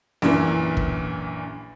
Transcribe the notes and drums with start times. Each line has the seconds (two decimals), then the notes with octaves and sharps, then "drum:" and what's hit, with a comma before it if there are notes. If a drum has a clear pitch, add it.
0.22 A#1 F#2 A#2 E3, drum: snare
0.77 drum: kick